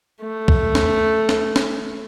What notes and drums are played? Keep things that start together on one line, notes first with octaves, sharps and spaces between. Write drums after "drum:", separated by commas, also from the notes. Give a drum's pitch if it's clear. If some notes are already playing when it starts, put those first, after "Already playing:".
A3
drum: kick
drum: snare
drum: snare
drum: snare